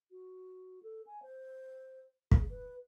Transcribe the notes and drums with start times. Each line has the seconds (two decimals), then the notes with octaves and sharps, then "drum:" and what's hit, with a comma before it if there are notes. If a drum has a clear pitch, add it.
0.11 F#4
0.83 A4
1.07 G#5
1.22 C5
2.31 G#4, drum: kick
2.50 B4